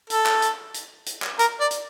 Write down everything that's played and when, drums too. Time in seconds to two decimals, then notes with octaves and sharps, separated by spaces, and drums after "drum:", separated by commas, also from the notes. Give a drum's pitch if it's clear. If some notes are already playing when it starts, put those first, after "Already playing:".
0.10 A4, drum: hi-hat
0.26 drum: clap
0.42 drum: hi-hat
0.74 drum: hi-hat
1.06 drum: hi-hat
1.22 drum: clap
1.39 A#4, drum: hi-hat
1.60 D5
1.71 drum: hi-hat